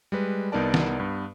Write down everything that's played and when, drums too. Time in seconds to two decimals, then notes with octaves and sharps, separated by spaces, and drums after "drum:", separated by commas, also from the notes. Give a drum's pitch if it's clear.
0.12 G3 G#3 B4
0.52 C2 B3 D#4 A#4 D5 A5
0.74 drum: snare
0.99 G2 B3